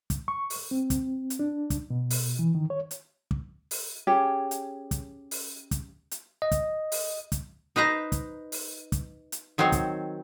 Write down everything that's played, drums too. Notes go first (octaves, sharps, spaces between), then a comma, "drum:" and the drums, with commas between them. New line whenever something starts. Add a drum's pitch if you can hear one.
drum: kick, hi-hat
C#6
drum: open hi-hat
C4
drum: kick, hi-hat
drum: hi-hat
D4
drum: kick, hi-hat
B2
drum: open hi-hat
E3
D#3
C#5
drum: hi-hat
drum: kick
drum: open hi-hat
C#4 G4 G#4
drum: hi-hat
drum: kick, hi-hat
drum: open hi-hat
drum: kick, hi-hat
drum: hi-hat
D#5
drum: kick, hi-hat
drum: open hi-hat
drum: kick, hi-hat
D#4 B4 C5 A#5
drum: kick, hi-hat
drum: open hi-hat
drum: kick, hi-hat
drum: hi-hat
D#3 F#3 C4 C5 C#5
drum: kick, hi-hat